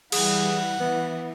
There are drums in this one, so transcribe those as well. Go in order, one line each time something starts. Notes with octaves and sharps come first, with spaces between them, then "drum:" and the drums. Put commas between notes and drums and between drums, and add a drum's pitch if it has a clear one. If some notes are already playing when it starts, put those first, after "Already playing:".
E3 G3 G#4 F#5, drum: cymbal
E3 B3